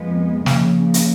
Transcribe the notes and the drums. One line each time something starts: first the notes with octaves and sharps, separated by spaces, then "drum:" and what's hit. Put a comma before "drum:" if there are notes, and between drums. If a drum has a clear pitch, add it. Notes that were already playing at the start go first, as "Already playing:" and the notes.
Already playing: F2 F3 G#3 B3
C#3 F3 A#3, drum: snare
drum: hi-hat